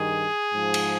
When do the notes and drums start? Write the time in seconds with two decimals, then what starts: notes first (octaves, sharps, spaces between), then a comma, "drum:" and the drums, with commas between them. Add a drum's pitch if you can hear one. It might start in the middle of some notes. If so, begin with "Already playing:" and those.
Already playing: G2 D#3 G#4
0.52 G#2 F3
0.74 drum: cymbal